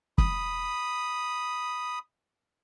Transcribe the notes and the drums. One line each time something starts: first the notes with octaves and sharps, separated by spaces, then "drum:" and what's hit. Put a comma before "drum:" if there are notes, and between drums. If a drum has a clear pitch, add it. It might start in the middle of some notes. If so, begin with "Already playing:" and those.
B5 D#6, drum: kick